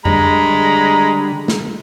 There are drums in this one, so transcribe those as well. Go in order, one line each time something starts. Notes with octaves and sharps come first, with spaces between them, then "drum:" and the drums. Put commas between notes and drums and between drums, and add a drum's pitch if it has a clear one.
D3 G3 G#3 A#5 B5, drum: tom F2
drum: snare